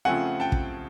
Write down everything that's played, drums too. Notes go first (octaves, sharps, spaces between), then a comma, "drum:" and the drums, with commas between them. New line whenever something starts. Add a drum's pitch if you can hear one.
C#3 F3 A3 C4 F#5 G#5
G5 A5
drum: kick